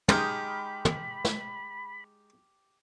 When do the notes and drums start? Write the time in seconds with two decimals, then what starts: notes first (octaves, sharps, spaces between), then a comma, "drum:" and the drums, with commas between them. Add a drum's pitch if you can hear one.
0.09 G#3 D#4 G4 B5 C6 D#6 F6 G6, drum: tom
0.85 drum: tom
1.25 drum: snare